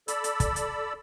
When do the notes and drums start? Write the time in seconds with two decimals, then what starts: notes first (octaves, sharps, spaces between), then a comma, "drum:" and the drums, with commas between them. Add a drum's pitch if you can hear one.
0.08 A4 D5 B5 E6, drum: hi-hat
0.24 drum: hi-hat
0.40 drum: kick, hi-hat
0.56 drum: hi-hat